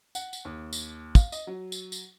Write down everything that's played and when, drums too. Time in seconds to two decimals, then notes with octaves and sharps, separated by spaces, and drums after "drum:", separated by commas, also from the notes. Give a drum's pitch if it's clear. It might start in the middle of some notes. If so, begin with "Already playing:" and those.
0.15 F#5, drum: tambourine
0.33 drum: tambourine
0.45 D#2
0.73 drum: tambourine
1.15 F5, drum: kick, tambourine
1.32 D#5, drum: tambourine
1.47 F#3
1.72 drum: tambourine
1.92 drum: tambourine